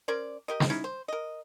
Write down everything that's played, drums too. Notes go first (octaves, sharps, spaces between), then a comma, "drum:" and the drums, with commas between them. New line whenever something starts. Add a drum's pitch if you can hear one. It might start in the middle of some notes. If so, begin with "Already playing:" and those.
C#4 A#4 C5 D5
G4 A#4 D#5
drum: snare
C#4 D#4 E4
C5
A#4 D#5